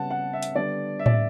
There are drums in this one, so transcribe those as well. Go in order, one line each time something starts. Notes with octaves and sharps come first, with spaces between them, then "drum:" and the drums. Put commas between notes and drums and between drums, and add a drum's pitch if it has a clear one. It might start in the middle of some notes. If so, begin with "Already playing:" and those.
Already playing: C#3 G3 B3 F#5 A5
F#5
E5
drum: hi-hat
D3 G3 B3 D5
E5
D5, drum: tom A2
E5